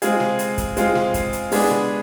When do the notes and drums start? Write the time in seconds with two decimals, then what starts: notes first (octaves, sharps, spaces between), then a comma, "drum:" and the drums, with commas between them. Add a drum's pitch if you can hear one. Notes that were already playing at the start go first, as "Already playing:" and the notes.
0.02 G#3 C4 F4 G#4, drum: hi-hat
0.20 drum: snare
0.39 drum: hi-hat
0.58 drum: kick, hi-hat
0.77 G#3 C4 F4 G#4, drum: hi-hat
0.95 drum: snare
1.14 drum: kick, hi-hat
1.33 drum: hi-hat
1.52 G#3 B3 D4 G#4, drum: open hi-hat
1.70 drum: snare